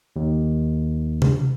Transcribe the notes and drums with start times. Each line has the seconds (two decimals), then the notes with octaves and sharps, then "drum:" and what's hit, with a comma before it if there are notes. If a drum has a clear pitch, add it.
0.16 D#2
1.22 drum: tom C3